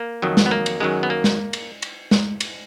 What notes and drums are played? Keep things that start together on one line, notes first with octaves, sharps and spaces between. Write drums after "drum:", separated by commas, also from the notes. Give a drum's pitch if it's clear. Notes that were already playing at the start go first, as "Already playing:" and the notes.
Already playing: A#3
F2 D#3 F#3
drum: snare
B3
A#3
drum: cymbal
F#2 D#3 F#3 G#3
B3
A#3
drum: snare
drum: cymbal
drum: cymbal
drum: snare
drum: cymbal